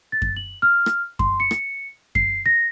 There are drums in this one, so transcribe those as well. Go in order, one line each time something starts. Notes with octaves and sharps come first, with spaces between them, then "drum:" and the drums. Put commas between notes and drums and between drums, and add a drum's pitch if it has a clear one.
A6
drum: kick F#2
F#7
F6
drum: rim click
C6, drum: kick F#2
C#7
drum: rim click
C7, drum: kick F#2
A#6